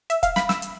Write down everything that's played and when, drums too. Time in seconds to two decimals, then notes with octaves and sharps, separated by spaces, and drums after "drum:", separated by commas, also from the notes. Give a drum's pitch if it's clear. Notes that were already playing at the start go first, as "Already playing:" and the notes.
0.10 E5, drum: hi-hat
0.23 F5, drum: kick E1, hi-hat
0.36 B5, drum: snare
0.49 E6, drum: snare
0.62 drum: hi-hat